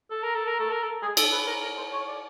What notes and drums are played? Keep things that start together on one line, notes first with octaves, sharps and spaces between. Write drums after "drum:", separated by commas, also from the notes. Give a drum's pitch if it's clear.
A4
A#4
A4
A#4
A4
A#4
A4
G#4
A4, drum: cymbal
B4
A#4
A#4
C5
C#5
D5